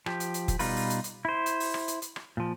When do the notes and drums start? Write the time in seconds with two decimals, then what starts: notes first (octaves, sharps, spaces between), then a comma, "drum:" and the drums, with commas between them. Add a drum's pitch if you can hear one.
0.06 F3 G4, drum: rim click
0.20 drum: hi-hat
0.34 drum: hi-hat
0.48 drum: kick F1, hi-hat
0.59 B2 G3 D#4 F4 B4, drum: open hi-hat
0.76 drum: open hi-hat
0.90 drum: hi-hat
1.04 drum: hi-hat
1.25 E4 C5
1.46 drum: hi-hat
1.60 drum: open hi-hat
1.74 drum: rim click
1.88 drum: hi-hat
2.02 drum: hi-hat
2.16 drum: rim click
2.37 A#2 F3